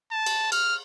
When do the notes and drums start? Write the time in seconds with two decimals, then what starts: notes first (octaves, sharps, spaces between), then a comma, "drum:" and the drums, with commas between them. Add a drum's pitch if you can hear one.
0.12 A5
0.26 drum: cymbal
0.52 F6, drum: cymbal